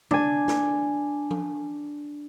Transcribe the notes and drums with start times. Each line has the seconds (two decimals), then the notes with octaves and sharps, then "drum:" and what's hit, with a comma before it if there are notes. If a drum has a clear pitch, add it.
0.11 D4 G#5, drum: tom
0.48 drum: snare
1.31 drum: tom F3